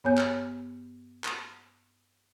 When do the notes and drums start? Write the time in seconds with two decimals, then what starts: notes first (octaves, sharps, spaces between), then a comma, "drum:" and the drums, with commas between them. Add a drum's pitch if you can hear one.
0.04 G2 B3 C#5 G#5 G6
0.18 drum: clap
1.24 drum: clap